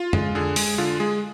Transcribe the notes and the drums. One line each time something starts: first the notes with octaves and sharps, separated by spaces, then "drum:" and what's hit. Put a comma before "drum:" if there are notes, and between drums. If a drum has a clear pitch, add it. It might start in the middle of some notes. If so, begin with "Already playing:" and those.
Already playing: F4
G#3, drum: tom F2
D3 G#4
G#3, drum: open hi-hat
D3 F4
G#3 G#4